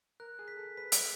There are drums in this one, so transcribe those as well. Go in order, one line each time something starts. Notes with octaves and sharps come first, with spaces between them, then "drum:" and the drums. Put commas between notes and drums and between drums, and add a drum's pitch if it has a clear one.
A#4 F#6
G#4
B6
A4
B4 B6
drum: hi-hat